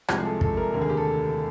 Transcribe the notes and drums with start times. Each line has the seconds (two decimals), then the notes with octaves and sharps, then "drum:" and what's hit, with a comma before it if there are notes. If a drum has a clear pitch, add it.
0.08 C2 C3 F3 G#3 G4, drum: rim click
0.20 G#4
0.25 A4
0.41 A4, drum: kick
0.57 A#4
0.73 F1 D#2 D3 A#4
0.82 G#4
0.89 G4
0.97 A4